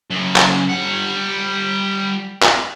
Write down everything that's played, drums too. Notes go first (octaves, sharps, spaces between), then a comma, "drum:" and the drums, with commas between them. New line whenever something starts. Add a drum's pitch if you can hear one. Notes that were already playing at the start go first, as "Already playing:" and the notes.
F#2 C#3
drum: clap
G3 F#5
drum: clap